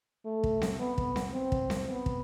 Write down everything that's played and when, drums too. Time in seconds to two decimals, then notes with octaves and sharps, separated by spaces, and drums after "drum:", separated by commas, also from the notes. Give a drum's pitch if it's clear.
0.25 A3
0.43 drum: kick
0.62 drum: snare C4
0.79 B3
0.98 drum: kick
1.16 drum: snare C4
1.33 C4
1.52 drum: kick
1.70 drum: snare C4
1.88 B3
2.06 drum: kick